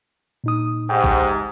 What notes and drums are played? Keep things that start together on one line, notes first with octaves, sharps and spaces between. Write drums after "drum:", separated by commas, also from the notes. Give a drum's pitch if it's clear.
A#2 D#4 D#6
G#2 C3 G5
drum: kick